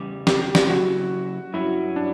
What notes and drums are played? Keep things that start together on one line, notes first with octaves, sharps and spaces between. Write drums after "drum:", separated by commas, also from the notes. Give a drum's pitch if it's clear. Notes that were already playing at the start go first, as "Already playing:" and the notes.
Already playing: E2 C#3 G3
G4, drum: snare
G4
G4, drum: snare
C#3 F#3 C#4 E4 F#4
G2 F#3 C#4 E4 F#4
D4